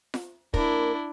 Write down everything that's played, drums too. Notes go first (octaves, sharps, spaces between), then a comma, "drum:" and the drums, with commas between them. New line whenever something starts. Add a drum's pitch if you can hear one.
drum: snare F4
A#3 D4 E4 A#4, drum: kick